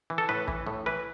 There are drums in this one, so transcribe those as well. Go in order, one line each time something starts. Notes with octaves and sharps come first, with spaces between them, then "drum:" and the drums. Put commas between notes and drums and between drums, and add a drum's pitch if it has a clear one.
E3
A4
A2 B4
E3, drum: kick
A2
E3 B4